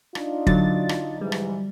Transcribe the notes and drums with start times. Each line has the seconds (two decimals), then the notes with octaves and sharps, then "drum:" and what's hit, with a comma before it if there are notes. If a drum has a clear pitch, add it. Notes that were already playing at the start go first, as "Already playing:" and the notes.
0.15 D4 D#4 F4, drum: rim click
0.47 D3 F#3 A6, drum: kick
0.89 drum: rim click
1.21 G#2 E3 G3 G#3
1.32 drum: rim click